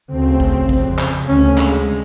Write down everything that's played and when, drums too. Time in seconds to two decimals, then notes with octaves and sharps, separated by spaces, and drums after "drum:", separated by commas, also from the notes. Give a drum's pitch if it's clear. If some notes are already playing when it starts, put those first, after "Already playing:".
0.11 D2 C#3 C4
0.40 drum: kick A#1
0.69 F2 C#3, drum: kick A#1
0.98 drum: clap
1.28 D2 C3 C#4
1.58 G#3, drum: clap